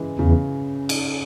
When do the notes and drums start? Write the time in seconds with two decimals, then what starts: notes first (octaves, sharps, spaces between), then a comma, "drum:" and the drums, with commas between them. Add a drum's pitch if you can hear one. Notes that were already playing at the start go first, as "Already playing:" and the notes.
Already playing: C#3 E3 G#3
0.19 E2 C#3
0.89 drum: cymbal